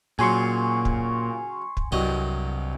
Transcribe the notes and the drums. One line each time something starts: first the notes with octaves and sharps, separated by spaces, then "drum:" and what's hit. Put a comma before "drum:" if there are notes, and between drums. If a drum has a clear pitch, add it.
A#2 C#3 F#3 G#5 C6 C#6
drum: kick
drum: kick
C2 G2 F#3 D#5